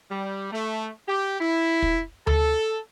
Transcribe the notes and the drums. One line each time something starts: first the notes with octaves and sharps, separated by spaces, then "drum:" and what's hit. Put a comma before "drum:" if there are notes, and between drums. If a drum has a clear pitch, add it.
G3
A3
G4
E4
drum: kick
A4, drum: tom D2